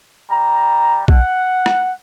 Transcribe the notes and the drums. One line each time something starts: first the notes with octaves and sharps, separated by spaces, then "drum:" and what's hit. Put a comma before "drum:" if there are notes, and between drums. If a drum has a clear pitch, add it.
G3 A#5
F#5, drum: kick B1
drum: rim click